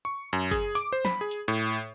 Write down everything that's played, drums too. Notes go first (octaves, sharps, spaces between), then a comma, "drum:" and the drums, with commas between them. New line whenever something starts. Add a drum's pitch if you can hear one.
C#6
F#2
G#4, drum: kick, hi-hat
D6, drum: hi-hat
C5
B5, drum: snare
G#4
drum: hi-hat
A2
drum: hi-hat